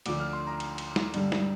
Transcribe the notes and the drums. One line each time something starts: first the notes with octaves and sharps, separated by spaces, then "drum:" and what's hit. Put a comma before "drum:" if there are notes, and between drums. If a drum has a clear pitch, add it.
D2 D3 F3 D6, drum: cymbal
F6
C6
A#5
drum: cymbal
drum: cymbal
drum: snare
G2 D3 G3, drum: cymbal
drum: snare